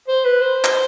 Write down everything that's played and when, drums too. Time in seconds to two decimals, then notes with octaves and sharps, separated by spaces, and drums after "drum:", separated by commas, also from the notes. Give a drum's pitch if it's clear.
0.08 C5
0.25 B4
0.41 C5
0.64 drum: clap